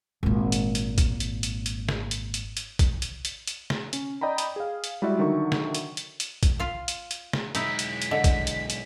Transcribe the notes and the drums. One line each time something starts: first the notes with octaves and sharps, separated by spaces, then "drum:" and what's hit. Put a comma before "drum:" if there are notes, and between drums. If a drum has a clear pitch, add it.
G#1 A#2
drum: hi-hat
drum: hi-hat
drum: kick, hi-hat
drum: hi-hat
drum: hi-hat
drum: hi-hat
drum: snare
drum: hi-hat
drum: hi-hat
drum: hi-hat
drum: kick, hi-hat
drum: hi-hat
drum: hi-hat
drum: hi-hat
drum: snare
C#4, drum: hi-hat
D5 D#5 G5 A#5 B5
drum: hi-hat
G#4 F5
drum: hi-hat
G3 G#3 E4 F#4 D5 E5
D3 D#3 F#3 E5 C#6
drum: snare
drum: hi-hat
drum: hi-hat
drum: hi-hat
drum: kick, hi-hat
F4 F5
drum: hi-hat
drum: hi-hat
drum: snare
B1 G#3 D#4 E4 B6, drum: hi-hat
drum: hi-hat
drum: hi-hat
D3 D#5
drum: kick, hi-hat
drum: hi-hat
drum: hi-hat